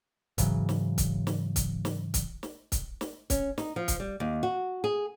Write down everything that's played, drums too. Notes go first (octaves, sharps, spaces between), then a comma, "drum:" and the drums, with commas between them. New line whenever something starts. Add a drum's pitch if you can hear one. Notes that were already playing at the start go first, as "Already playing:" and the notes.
G#2 C#3 E3 F#3, drum: kick, hi-hat
drum: snare
drum: kick, hi-hat
drum: snare
drum: kick, hi-hat
drum: snare
drum: kick, hi-hat
drum: snare
drum: kick, hi-hat
drum: snare
C#4, drum: kick, hi-hat
D#4, drum: snare
F3
drum: kick, hi-hat
G3
D#2
F#4
G#4